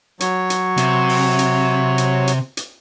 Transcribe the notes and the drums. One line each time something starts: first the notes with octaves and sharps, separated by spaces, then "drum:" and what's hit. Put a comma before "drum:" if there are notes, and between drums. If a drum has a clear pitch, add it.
F#3 C#5, drum: hi-hat
drum: hi-hat
C3, drum: hi-hat
drum: open hi-hat
drum: hi-hat
drum: hi-hat
drum: hi-hat
drum: hi-hat